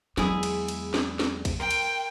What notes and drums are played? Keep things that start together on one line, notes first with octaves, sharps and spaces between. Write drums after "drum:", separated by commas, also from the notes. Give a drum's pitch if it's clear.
E2 F#3 G#3 B3 E4 G#4, drum: snare
drum: cymbal
drum: cymbal
drum: snare
drum: snare
drum: kick, cymbal
A#4 G5 C6
drum: cymbal